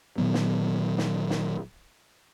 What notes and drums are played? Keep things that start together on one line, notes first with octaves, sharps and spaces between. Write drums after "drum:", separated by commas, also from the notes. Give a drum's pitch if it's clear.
A#2 D#3 F#3 B3
drum: snare
drum: snare
drum: snare